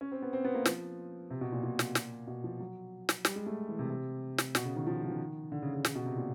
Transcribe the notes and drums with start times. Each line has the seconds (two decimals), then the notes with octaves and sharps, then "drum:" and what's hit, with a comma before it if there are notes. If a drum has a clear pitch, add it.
0.01 C#4
0.12 C4
0.22 B3
0.33 C4
0.44 B3
0.55 A#3
0.65 F3, drum: snare
1.30 C3
1.41 B2
1.52 A#2
1.63 A#2
1.79 drum: snare
1.95 drum: snare
2.27 B2
2.44 F3
2.60 F#3
3.09 drum: snare
3.25 G3, drum: snare
3.36 G#3
3.46 A3
3.68 E3
3.79 C3
3.90 C3
4.38 drum: snare
4.55 B2, drum: snare
4.65 C#3
4.76 D#3
4.87 F3
5.03 F3
5.11 D#3
5.52 D3
5.62 C#3
5.74 C#3
5.85 C#3, drum: snare
5.95 B2
6.06 C3
6.16 A#2